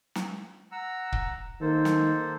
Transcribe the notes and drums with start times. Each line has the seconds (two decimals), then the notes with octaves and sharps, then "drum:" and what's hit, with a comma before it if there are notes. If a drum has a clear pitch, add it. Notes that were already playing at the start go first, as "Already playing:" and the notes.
0.15 drum: snare
0.72 F#5 A#5 E6
1.12 drum: kick
1.61 D#3 A#3 A4 C5
1.85 drum: snare